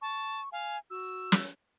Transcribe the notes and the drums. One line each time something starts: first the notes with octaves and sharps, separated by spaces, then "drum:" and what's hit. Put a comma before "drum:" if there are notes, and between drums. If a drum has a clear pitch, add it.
A5 C#6
F5 G#5
F#4 E6
drum: snare